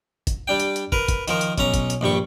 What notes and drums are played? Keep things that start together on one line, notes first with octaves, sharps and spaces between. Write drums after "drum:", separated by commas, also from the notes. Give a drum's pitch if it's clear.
drum: kick, hi-hat
G3 D4 G5
drum: hi-hat
drum: hi-hat
A#4 B4, drum: kick
drum: kick, hi-hat
D#3 F3 A#4, drum: hi-hat
drum: hi-hat
B1 C#4 A#5, drum: kick, hi-hat
drum: kick, hi-hat
drum: hi-hat
A#1 G2 G3 C#6